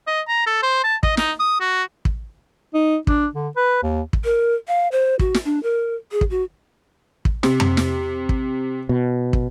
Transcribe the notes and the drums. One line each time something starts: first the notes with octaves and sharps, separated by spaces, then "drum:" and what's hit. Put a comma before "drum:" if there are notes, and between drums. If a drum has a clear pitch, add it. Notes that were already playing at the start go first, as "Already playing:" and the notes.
D#5
A#5
A4
C5
A5
D#5, drum: kick
D#4, drum: snare
D#6
F#4
drum: kick
D#4
D4, drum: kick
D3
B4
D#2
drum: kick
A#4
F5
C5
F#4, drum: kick
drum: snare
D4
A#4
G#4
drum: kick
F#4
drum: kick
C3, drum: snare
drum: tom F2
drum: snare
drum: kick
B2
drum: kick